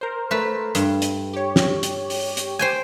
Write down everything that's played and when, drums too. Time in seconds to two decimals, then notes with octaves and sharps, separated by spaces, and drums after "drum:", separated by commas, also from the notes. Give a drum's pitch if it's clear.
0.01 A#4 C5
0.31 A3 B4
0.75 G2, drum: hi-hat
1.02 drum: hi-hat
1.33 G4 C#5
1.56 drum: snare
1.83 drum: hi-hat
2.10 drum: open hi-hat
2.37 drum: hi-hat
2.59 C5 G5 G#5